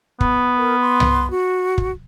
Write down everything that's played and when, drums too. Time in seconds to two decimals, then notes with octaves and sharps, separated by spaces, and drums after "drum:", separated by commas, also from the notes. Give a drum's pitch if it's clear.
0.21 B3, drum: kick
0.57 A#4
0.81 C6
1.00 drum: tom C2
1.31 F#4
1.78 drum: kick